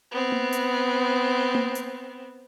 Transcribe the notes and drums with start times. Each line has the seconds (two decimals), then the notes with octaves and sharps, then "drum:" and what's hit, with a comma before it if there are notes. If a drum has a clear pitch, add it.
0.12 B3 C4
0.32 drum: tom A#3
0.53 drum: hi-hat
1.55 drum: tom A#3
1.75 drum: hi-hat